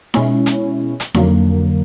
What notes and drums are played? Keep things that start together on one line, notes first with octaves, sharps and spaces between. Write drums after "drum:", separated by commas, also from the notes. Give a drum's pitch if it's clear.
B2 G#3 C#4 E4, drum: snare D#4
drum: hi-hat
drum: hi-hat
F2 D3 F#3 A#3, drum: snare D#4